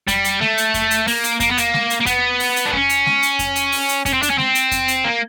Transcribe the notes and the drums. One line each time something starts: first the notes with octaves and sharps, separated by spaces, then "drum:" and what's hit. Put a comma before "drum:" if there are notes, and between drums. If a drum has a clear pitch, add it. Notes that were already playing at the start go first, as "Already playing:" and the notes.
G3, drum: kick F2, hi-hat
drum: hi-hat
A3, drum: snare G#3
drum: hi-hat
drum: kick F2, hi-hat
drum: hi-hat
A#3, drum: open hi-hat
drum: hi-hat
A#3, drum: kick F2, hi-hat
B3
A#3, drum: hi-hat
drum: snare G#3
drum: hi-hat
A#3
B3, drum: kick F2, hi-hat
drum: open hi-hat
drum: hi-hat
D4
C#4, drum: kick F2
drum: hi-hat
drum: snare G#3
drum: hi-hat
drum: kick F2, hi-hat
drum: hi-hat
drum: open hi-hat
drum: hi-hat
C#4, drum: kick F2, hi-hat
C4
D4, drum: hi-hat
C#4
C4, drum: snare G#3
drum: hi-hat
drum: kick F2, hi-hat
drum: hi-hat
A#3